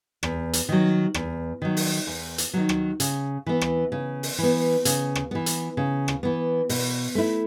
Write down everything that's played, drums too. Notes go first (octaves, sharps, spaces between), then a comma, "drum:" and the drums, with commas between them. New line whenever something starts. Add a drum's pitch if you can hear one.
E2, drum: rim click
drum: hi-hat
D#3 F#3
E2, drum: rim click
D#3 F#3
drum: open hi-hat
E2
drum: hi-hat
D#3 F#3
drum: rim click
C#3, drum: hi-hat
E3 B3
drum: rim click
C#3
drum: open hi-hat
E3 B3
C#3, drum: hi-hat
drum: rim click
E3 B3
drum: hi-hat
C#3
drum: rim click
E3 B3
B2, drum: open hi-hat
A3 E4